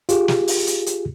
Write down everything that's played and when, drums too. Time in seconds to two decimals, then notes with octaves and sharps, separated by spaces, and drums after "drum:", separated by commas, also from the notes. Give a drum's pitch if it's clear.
0.09 F4 G4 G#4, drum: hi-hat
0.28 drum: snare
0.48 drum: open hi-hat
0.67 drum: hi-hat
0.86 drum: hi-hat